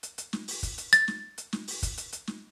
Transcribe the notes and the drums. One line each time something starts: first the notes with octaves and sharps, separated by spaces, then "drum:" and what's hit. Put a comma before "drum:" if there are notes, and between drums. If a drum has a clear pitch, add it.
drum: hi-hat
drum: hi-hat
drum: snare
drum: open hi-hat
drum: kick, hi-hat
drum: hi-hat
A6, drum: hi-hat
drum: snare
drum: hi-hat
drum: snare
drum: open hi-hat
drum: kick, hi-hat
drum: hi-hat
drum: hi-hat
drum: snare